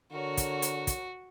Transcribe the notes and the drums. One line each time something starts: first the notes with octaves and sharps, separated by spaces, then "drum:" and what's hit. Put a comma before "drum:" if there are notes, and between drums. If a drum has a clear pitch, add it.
D3 F#4 A#4 C#5
drum: kick, hi-hat
drum: hi-hat
drum: kick, hi-hat